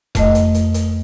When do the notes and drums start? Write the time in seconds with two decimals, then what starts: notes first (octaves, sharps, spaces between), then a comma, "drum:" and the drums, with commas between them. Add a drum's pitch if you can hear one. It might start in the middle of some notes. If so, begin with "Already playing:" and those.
0.15 F2 A3 D#5, drum: kick E1, hi-hat
0.35 drum: hi-hat
0.54 drum: hi-hat
0.74 drum: hi-hat